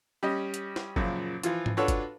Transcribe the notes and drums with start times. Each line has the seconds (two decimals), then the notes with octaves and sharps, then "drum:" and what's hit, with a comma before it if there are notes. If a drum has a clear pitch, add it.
0.23 G3 C#4 D#5
0.54 drum: hi-hat
0.76 drum: snare
0.96 F#2 A#2 C#3 F3, drum: kick
1.43 E3 F3 F4, drum: hi-hat
1.66 drum: tom G#2
1.77 D4 F4 F#4 A4 B4 C#5
1.88 drum: kick, hi-hat